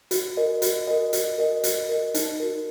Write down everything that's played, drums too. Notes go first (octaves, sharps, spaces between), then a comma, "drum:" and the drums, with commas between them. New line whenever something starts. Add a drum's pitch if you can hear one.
F#4, drum: hi-hat
A#4 D#5
F#4, drum: hi-hat
A#4 D#5
F#4, drum: hi-hat
A#4 D#5
F#4, drum: hi-hat
A#4 D#5
D#4, drum: hi-hat
F#4 A#4